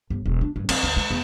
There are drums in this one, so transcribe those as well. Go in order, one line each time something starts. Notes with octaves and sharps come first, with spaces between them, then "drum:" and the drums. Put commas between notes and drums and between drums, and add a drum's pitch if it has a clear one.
G1
E1
D4
G2
C4, drum: cymbal
D2
G#3
E2